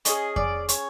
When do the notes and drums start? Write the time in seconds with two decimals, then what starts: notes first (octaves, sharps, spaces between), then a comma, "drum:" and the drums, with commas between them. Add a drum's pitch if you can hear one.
0.05 C#4 F4 G#4 D#5, drum: hi-hat
0.36 D5, drum: kick F2
0.69 C#5, drum: hi-hat